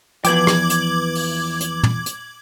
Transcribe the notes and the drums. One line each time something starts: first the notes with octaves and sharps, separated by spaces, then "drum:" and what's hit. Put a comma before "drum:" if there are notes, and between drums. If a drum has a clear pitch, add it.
E2 F3 B4 G5 D6 G#6 F#7, drum: hi-hat
drum: rim click
drum: hi-hat
drum: open hi-hat
drum: hi-hat
drum: tom
drum: hi-hat